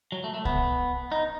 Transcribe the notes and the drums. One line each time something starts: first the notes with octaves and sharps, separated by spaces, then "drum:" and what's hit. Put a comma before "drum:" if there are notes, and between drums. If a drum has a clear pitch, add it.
F#3
A3
A3
B3, drum: kick C2
D#4